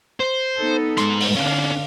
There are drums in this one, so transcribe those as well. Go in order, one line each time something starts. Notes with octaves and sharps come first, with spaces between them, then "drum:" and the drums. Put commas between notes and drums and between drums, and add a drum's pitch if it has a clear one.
C5
B3 D#4 A4
G#2 C6, drum: hi-hat
drum: open hi-hat
D3 C#4 D4 F5